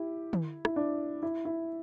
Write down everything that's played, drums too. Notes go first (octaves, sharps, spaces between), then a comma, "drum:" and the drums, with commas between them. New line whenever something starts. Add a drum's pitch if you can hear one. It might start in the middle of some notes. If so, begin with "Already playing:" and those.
Already playing: E4 G4
drum: tom
E4, drum: rim click
D4
E4
E4